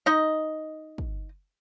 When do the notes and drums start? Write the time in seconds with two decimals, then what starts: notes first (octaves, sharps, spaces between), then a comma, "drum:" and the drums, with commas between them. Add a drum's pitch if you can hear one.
0.06 D#4 D#5, drum: snare
0.98 drum: kick